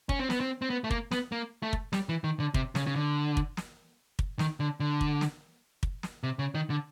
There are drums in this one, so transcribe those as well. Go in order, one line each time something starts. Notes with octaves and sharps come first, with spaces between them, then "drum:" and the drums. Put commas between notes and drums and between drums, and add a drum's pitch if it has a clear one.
C#4, drum: kick
C4
B3, drum: snare
C4
C4
B3
A3
A#3, drum: kick
B3, drum: snare
A#3
A3
drum: kick
G3, drum: snare
E3
D#3
D3
C3, drum: kick
C#3, drum: snare
C#3
D3
drum: kick
drum: snare
drum: kick
D#3, drum: snare
D3
D3
drum: kick
drum: snare
drum: kick
drum: snare
C3
C#3
D#3
D3